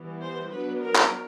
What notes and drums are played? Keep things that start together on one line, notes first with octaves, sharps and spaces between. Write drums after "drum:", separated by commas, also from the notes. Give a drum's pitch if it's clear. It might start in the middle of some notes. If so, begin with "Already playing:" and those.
Already playing: E3 G3 B3
C5
F#3 B3 D4 B4
A#4
drum: clap